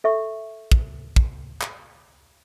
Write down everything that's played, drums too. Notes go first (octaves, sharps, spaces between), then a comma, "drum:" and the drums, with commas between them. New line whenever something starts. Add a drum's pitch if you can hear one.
A4 E5 C#6
drum: kick
drum: kick
drum: clap